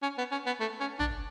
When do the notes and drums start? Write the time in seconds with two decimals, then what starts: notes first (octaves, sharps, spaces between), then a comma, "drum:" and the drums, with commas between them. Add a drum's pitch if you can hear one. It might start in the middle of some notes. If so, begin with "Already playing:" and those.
0.02 C#4
0.18 B3
0.31 C#4
0.46 B3
0.60 A3
0.80 C#4
0.99 D4, drum: tom